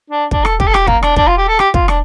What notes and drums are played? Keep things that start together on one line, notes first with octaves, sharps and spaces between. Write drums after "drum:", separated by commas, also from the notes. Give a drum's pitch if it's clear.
D4
D4, drum: kick
A4, drum: rim click
G4, drum: kick
A4
G4, drum: rim click
A#3, drum: kick
D4, drum: rim click
D4, drum: kick
F4
G4
A4
G4, drum: rim click
F4, drum: kick
D4, drum: rim click